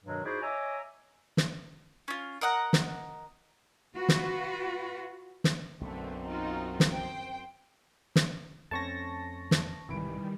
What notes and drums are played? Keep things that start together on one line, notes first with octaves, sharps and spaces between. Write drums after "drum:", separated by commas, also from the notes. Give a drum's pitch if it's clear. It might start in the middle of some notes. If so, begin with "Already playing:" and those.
G2 B2 D#3 F#3 G#3
D#4 E4 F#4 G#4 C5 D5
C#5 D#5 E5 G#5 A#5 D6
drum: snare
C#4 F4
A#4 D#5 F#5 A#5
drum: snare
F4 F#4 B4
drum: snare
drum: snare
B1 F#2 B2 D3 A3 C4
D#4 F4 F#4
drum: snare
C5 G5
drum: snare
F2 A3 C4 C#4 A5 C#6 A#6
drum: snare
B1 G#2 C3 D#3 E3 G3 B5 D7